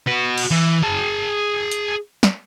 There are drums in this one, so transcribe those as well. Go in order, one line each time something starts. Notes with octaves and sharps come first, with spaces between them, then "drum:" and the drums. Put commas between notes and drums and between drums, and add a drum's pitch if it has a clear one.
F#4 B4
drum: cymbal
E3
G#4 A5
drum: hi-hat
drum: snare